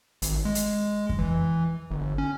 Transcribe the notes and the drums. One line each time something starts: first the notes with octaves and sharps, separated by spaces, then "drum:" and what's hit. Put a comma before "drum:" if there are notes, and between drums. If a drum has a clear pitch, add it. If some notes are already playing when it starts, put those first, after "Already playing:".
G#1, drum: hi-hat
G#3
drum: hi-hat
drum: kick F2
E3
G1
C#4